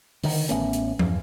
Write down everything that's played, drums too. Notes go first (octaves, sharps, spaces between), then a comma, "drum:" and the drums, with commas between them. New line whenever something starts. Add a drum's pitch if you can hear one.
D3 D#3, drum: open hi-hat
A1 A3 B3 C#4, drum: hi-hat
drum: hi-hat
E2 G2, drum: tom F3